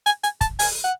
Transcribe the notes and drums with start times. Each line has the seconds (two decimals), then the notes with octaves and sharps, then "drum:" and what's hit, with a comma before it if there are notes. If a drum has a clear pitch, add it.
0.06 G#5, drum: hi-hat
0.23 G#5, drum: hi-hat
0.41 A5, drum: kick, hi-hat
0.59 G#5, drum: open hi-hat
0.84 F#5